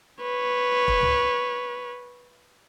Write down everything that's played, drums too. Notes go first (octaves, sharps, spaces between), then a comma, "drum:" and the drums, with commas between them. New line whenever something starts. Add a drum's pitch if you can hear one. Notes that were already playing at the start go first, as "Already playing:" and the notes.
B4 C#5
drum: kick E1
drum: tom C#2